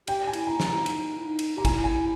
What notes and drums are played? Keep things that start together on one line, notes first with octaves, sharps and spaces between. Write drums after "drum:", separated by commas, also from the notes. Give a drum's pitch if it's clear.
G4 G5, drum: cymbal
G#5
E4, drum: cymbal
A#5
E4, drum: snare
A#5
D#4, drum: cymbal
E4
D#4
drum: cymbal
G4 A#5
E4 G#5, drum: kick, cymbal
G#5